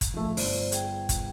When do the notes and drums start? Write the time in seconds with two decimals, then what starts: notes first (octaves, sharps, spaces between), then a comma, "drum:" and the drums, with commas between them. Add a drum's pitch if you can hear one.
0.01 drum: kick, hi-hat
0.14 F3 A3
0.37 G1 C5 D5, drum: open hi-hat
0.72 G#4 G5, drum: hi-hat
1.09 drum: kick, hi-hat